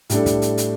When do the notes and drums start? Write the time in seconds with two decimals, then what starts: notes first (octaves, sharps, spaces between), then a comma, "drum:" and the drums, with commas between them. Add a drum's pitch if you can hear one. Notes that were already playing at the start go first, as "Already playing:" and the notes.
0.10 A2 G3 D4 A4, drum: hi-hat
0.26 drum: kick, hi-hat
0.42 drum: hi-hat
0.58 drum: hi-hat